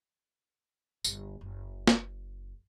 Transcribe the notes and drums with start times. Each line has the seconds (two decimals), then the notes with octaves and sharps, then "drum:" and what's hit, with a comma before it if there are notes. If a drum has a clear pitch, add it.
1.04 G1, drum: tambourine
1.41 F#1
1.87 drum: snare